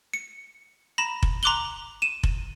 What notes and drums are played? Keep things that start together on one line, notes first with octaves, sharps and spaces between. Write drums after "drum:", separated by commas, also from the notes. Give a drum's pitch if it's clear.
C#7
A#5 B5 A#6 E7
drum: kick F1
A#5 C6 D6 F#6 F#7 G7
D#7 E7
drum: kick F1